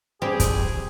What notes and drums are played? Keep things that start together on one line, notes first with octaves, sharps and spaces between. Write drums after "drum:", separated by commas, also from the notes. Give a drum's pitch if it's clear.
G3 C4 G4 G#4
drum: kick, hi-hat